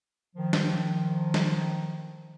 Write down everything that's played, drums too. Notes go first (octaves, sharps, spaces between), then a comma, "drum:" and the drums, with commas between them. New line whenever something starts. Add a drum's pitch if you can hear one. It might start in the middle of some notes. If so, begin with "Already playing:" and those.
D#3 F3
drum: snare
drum: snare